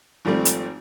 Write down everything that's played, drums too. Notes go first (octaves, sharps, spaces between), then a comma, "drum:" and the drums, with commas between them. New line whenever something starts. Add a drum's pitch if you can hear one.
G#1 F3 G3 A3 C4
drum: hi-hat